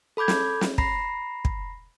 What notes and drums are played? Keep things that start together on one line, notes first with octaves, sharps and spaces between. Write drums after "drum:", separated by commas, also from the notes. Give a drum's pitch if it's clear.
A4 B5 D6 G6 G#6
drum: snare
drum: snare
A#5 B5 A#6 C7, drum: kick
drum: kick